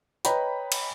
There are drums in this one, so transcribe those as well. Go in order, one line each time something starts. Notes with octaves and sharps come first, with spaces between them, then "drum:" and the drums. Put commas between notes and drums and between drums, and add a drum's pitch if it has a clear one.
B4 C#5 D#5 G5 A#5 B5, drum: hi-hat
drum: cymbal